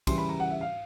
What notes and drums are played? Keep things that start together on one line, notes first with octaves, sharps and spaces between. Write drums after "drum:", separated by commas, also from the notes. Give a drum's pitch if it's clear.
C#3 E3 G3 C6, drum: kick, cymbal
B5
A#5
F#5
E5
F5